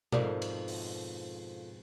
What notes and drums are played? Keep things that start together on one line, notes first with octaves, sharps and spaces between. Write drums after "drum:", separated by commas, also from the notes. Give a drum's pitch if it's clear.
F2 G#2 B2 F4 A4 A#4 C5 D5, drum: tom B2
drum: cymbal
drum: open hi-hat